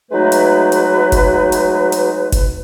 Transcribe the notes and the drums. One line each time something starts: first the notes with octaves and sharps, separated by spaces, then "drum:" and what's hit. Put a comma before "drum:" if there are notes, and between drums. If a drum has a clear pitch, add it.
F#3 G#3 A3 D#4 B4
drum: hi-hat
drum: hi-hat
drum: kick F#1, hi-hat
drum: hi-hat
drum: hi-hat
drum: kick F#1, hi-hat